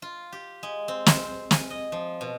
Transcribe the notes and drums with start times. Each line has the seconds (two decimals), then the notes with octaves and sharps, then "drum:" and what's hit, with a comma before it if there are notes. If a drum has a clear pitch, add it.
0.02 F4
0.32 G4
0.63 G#3
0.88 C4
1.06 C5, drum: snare
1.51 G#5, drum: snare
1.70 D#5
1.92 F3
2.21 B2